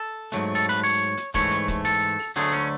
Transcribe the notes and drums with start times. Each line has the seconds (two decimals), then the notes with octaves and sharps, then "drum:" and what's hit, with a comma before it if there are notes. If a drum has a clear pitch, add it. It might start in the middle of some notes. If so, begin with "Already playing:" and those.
Already playing: A4
0.32 G#2 F#3 A3, drum: hi-hat
0.55 A4
0.69 B4, drum: hi-hat
0.84 C#5
1.17 drum: hi-hat
1.34 G#2 E3 A3 C#5, drum: kick, hi-hat
1.51 drum: hi-hat
1.68 drum: kick, hi-hat
1.85 A4, drum: hi-hat
2.19 drum: open hi-hat
2.36 D2 D3 F#3 A3 G#4, drum: hi-hat
2.52 C#4, drum: hi-hat